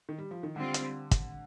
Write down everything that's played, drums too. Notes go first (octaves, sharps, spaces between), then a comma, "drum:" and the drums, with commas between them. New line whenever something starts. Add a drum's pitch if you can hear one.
D#3
G3
F3
D#3
D3 G3 C4 F4
drum: hi-hat
drum: kick, hi-hat